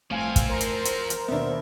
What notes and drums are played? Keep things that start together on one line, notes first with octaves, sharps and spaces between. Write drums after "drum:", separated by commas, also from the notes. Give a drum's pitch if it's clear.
G1 A2 F3 C4 F5 G#5
drum: kick, hi-hat
A#4 C5
drum: hi-hat
drum: hi-hat
drum: hi-hat
D#2 B2 B3 D4 E5